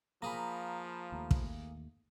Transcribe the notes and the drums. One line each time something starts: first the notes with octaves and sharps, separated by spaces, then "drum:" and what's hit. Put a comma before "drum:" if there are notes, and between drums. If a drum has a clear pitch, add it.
F3 A#3 G#4 A#5 B5
D#2 A3
drum: kick